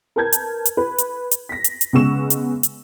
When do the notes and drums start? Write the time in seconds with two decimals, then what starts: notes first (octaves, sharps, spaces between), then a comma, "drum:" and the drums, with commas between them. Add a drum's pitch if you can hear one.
0.16 A#4 B4 A5 G6 G#6
0.33 drum: hi-hat
0.65 drum: hi-hat
0.77 B4
0.98 drum: hi-hat
1.31 drum: hi-hat
1.49 A#6 B6
1.64 drum: hi-hat
1.81 drum: hi-hat
1.93 C#3 G#3 B3 C#6 E6 E7
2.30 drum: hi-hat
2.63 drum: hi-hat